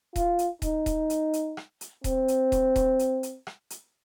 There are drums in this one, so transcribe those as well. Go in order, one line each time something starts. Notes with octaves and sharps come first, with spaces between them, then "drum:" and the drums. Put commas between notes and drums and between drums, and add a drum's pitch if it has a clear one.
F4, drum: kick D#1, hi-hat
drum: hi-hat
D#4, drum: kick D#1, hi-hat
drum: kick D#1, hi-hat
drum: hi-hat
drum: hi-hat
drum: rim click
drum: hi-hat
C4, drum: kick D#1, hi-hat
drum: hi-hat
drum: kick D#1, hi-hat
drum: kick D#1, hi-hat
drum: hi-hat
drum: hi-hat
drum: rim click
drum: hi-hat